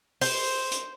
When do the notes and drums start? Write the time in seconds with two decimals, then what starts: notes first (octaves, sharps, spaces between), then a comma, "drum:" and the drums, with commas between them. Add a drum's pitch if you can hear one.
0.21 C5, drum: open hi-hat
0.72 drum: hi-hat